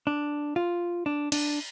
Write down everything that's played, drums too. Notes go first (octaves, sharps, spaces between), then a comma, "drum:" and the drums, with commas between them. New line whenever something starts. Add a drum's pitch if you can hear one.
D4
F4
D4
D4, drum: cymbal